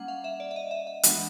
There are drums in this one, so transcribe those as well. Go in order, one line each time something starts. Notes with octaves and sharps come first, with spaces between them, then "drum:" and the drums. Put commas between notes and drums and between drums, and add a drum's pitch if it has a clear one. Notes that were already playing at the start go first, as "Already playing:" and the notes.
Already playing: G3 A#3 C#4 F#5
F5
E5
D5
E5
D#5
E5
E5
E3 G#3 B3 D4 F#5, drum: hi-hat